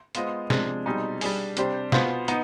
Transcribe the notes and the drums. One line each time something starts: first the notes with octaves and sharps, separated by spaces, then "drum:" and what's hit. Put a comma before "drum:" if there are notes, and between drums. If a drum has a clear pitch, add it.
G#3 B3 F4 C5 D#5, drum: hi-hat
C3 F3 G#3 D4, drum: snare
B2 G3 C4 D#4 G#4
G3 D4 G#4, drum: open hi-hat
C3 G3 D4 G4 C5, drum: hi-hat
B2 B3 F4 C5, drum: snare
B3 D#4, drum: hi-hat